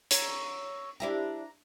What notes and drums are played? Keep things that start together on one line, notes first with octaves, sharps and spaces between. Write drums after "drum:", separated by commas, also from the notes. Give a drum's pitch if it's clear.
C#5 A#5 E6, drum: hi-hat
D4 E4 G4 A#5